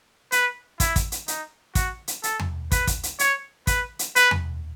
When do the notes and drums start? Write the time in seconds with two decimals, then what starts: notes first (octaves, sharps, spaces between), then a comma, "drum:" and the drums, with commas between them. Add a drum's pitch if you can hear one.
0.32 B4, drum: hi-hat
0.80 E4, drum: kick, hi-hat
0.96 drum: kick, hi-hat
1.12 drum: hi-hat
1.28 D#4, drum: hi-hat
1.75 F#4, drum: kick, hi-hat
2.08 drum: hi-hat
2.23 A4, drum: hi-hat
2.40 drum: tom E2
2.72 B4, drum: kick, hi-hat
2.87 drum: kick, hi-hat
3.03 drum: hi-hat
3.19 C#5, drum: hi-hat
3.67 B4, drum: kick, hi-hat
3.99 drum: hi-hat
4.16 B4, drum: hi-hat
4.31 drum: tom E2